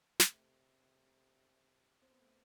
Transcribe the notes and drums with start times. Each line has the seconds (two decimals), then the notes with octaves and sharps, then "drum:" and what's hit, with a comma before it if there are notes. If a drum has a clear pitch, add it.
0.20 C3 A3, drum: snare
2.02 C4
2.11 B3
2.21 A3